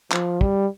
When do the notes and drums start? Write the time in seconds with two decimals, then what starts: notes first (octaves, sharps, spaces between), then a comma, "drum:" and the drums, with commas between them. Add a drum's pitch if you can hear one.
0.12 F3, drum: clap
0.41 G3, drum: kick